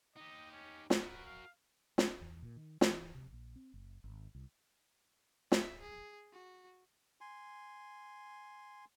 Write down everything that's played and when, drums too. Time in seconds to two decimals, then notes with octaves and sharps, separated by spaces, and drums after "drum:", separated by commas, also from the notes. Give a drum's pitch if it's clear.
0.16 D#4 G4 D#5
0.52 C#4
0.90 F#4 A#4 B4, drum: snare
1.25 F5
1.98 C#4, drum: snare
2.21 E2
2.42 A#2
2.56 D#3
2.81 E3, drum: snare
3.15 C3
3.33 A#1
3.56 C4
3.74 F#1
4.04 G#1
4.35 C2
5.52 E5, drum: snare
5.81 G#4
6.33 F#4
7.21 G#5 C6